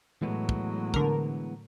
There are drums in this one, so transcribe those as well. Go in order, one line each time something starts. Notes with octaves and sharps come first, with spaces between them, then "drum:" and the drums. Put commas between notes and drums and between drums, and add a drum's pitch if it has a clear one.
A2 E3 F#3 G#3 B3
drum: kick
D3 A#4, drum: kick